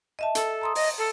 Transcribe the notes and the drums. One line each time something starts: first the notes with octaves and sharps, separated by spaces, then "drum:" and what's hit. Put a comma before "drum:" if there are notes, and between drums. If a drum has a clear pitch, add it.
D#5 E5 A5
A4, drum: hi-hat
A#5 C6 D#6
D#5, drum: open hi-hat
A4